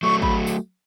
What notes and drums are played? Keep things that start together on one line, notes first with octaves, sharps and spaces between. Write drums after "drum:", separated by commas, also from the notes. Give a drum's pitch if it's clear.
F#3 A3 C#6
B5, drum: kick
drum: tambourine